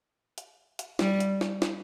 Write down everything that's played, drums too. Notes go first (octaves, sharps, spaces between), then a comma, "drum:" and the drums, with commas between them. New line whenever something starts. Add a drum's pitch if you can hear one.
drum: hi-hat
drum: hi-hat
G3, drum: snare
drum: hi-hat
drum: snare
drum: snare